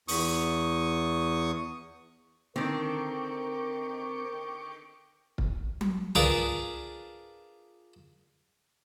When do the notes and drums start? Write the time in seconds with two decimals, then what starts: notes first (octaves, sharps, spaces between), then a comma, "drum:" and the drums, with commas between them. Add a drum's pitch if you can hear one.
0.08 E2 C#6 D#6, drum: open hi-hat
2.56 D3 D#3 C4 A#4 G5 C#6 D6
5.38 drum: kick
5.81 drum: tom F#3
6.15 D4 F4 G#4 A#4 B4 A5, drum: tom C2